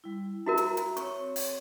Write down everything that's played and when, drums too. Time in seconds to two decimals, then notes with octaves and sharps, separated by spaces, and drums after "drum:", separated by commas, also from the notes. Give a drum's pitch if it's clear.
0.04 G3 E4
0.46 E4 F#4 A#4 E5 A#5
0.57 drum: hi-hat
0.77 drum: hi-hat
0.97 C4 C#5 C#6, drum: hi-hat
1.36 drum: open hi-hat